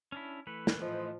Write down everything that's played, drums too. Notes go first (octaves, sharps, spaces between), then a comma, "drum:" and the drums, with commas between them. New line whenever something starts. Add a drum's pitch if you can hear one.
C#4 D4 E4
E3 A3 B4
drum: snare
A2 F3 C5 D#5